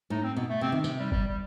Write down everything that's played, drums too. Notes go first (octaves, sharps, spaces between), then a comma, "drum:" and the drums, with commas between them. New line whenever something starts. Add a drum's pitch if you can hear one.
A2 D#4
C4
B2
A3
C3 C4
D#3
C3, drum: tambourine
G3
G3, drum: kick F#1
G3